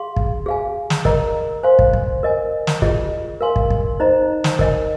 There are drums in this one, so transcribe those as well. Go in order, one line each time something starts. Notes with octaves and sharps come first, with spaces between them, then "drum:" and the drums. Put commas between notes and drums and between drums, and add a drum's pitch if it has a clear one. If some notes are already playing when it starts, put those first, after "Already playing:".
Already playing: G#4 F5 C6
drum: kick
G#4 F5 G#5
drum: snare
A#4 D#5 A#5, drum: kick
C5 F5 G#5 C6
drum: kick
drum: kick
A#4 D#5 G#5
drum: snare
F4 G#4 D#5, drum: kick
A#4 F5 G#5 C6
drum: kick
drum: kick
D#4 C5 D#5 A#5
drum: snare
A#4 D#5 G#5, drum: kick